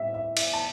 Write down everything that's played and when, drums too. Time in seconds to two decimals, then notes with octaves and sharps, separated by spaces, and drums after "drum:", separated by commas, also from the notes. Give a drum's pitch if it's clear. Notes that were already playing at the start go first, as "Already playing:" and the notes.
Already playing: A2 G3 C4 G4 E5
0.14 E5
0.37 E5, drum: cymbal
0.53 A5